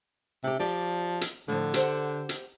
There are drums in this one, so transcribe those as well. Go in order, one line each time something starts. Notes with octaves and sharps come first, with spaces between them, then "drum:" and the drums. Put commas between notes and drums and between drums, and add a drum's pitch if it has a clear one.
C3 D4 G4
F3 G4 D5
drum: hi-hat
A2 D3 F3
G4 C5 F#5, drum: hi-hat
drum: hi-hat